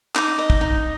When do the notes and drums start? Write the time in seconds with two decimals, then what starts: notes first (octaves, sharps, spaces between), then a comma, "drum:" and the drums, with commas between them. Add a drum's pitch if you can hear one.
0.15 D#4 D6, drum: clap
0.39 D#5
0.50 drum: kick
0.61 D#4